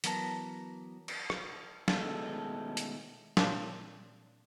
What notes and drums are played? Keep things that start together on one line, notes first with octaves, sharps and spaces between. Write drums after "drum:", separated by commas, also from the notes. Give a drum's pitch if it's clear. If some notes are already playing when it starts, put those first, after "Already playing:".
E3 F#3 B3 A#4 D5 A5, drum: hi-hat
drum: cymbal
drum: rim click
B2 D#3 G#3 A3 A4, drum: snare
drum: hi-hat
A#2 C4 D4, drum: snare